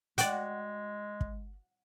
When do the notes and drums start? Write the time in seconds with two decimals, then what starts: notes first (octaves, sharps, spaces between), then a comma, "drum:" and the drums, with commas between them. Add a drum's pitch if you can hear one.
0.18 G#3 F#4 D5 G5, drum: hi-hat
1.21 drum: kick